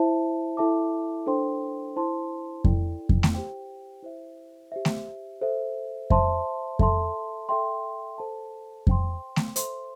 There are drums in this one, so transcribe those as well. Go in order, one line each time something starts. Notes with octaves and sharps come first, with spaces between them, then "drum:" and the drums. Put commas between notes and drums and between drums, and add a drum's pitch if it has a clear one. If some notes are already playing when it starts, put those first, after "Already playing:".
Already playing: E4 C5 E5 A5
E4 A4 E5 A5 D6
D4 A4 C5 G5 C6
E4 C5 A5 C6
E4 A4 D5 G5, drum: kick F2
drum: kick F2
drum: snare A3
G4 C5 G5
E4 C5 E5
G4 C5 E5
drum: snare A3
A4 C5 E5
C5 E5 A5 C6, drum: kick F2
A4 E5 A5 C6, drum: kick F2
A4 E5 G5 C6
A4 C5 A5
C5 G5 C6, drum: kick F2
drum: snare A3
A4 C5 E5 C6, drum: hi-hat